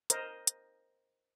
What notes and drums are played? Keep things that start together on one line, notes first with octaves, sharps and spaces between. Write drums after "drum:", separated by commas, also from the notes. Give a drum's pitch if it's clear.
A#4 C5 D#5, drum: hi-hat
drum: hi-hat